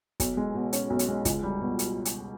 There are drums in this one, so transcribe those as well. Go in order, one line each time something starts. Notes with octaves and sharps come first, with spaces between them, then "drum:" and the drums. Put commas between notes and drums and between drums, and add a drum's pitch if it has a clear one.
B1, drum: kick, hi-hat
G#3
B2
C#4, drum: hi-hat
B1
drum: hi-hat
G#3
C#2, drum: kick, hi-hat
G3
B2
drum: hi-hat
drum: hi-hat